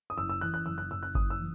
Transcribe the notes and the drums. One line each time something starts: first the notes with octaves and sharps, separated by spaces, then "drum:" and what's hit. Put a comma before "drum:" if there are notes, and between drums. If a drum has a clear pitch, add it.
D#6
F#1 E6
E6
E3 F#6
F#6
F#1 E6
F#6
F#1 E6
F#6
F#1 D#6, drum: kick G1
E6
E3